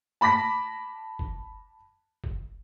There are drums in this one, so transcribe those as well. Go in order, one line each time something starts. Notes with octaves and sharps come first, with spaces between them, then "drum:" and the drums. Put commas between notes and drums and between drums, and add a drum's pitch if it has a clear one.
A5 B5 D6 A#6 B6
drum: kick F#1
drum: kick F#1